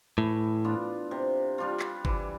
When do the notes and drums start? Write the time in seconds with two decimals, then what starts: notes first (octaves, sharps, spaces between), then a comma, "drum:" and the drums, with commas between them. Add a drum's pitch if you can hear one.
0.18 A2 E3
0.64 B3 D4 F4
1.11 C3
1.58 G3 D4 F4
1.80 drum: clap
2.05 E3, drum: kick G1